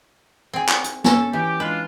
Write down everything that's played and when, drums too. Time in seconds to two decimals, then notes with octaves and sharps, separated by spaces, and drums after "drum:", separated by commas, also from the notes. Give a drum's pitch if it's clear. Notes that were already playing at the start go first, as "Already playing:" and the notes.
0.53 C4 G#4
0.69 drum: clap
0.84 drum: hi-hat
1.04 C#4 A4, drum: snare
1.33 E3 G4
1.60 G#3 D4 F4 B4